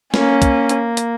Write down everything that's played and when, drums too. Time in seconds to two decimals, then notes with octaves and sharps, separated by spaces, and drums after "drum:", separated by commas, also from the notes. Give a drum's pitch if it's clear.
0.14 A#3 C#4, drum: snare
0.42 drum: kick, hi-hat
0.69 drum: hi-hat
0.97 drum: hi-hat